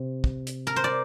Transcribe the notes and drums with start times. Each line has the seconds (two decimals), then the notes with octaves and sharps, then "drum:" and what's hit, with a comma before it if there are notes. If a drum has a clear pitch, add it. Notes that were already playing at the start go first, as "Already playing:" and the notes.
Already playing: C3
0.24 drum: kick
0.47 drum: hi-hat
0.67 A#4
0.76 C5
0.84 D5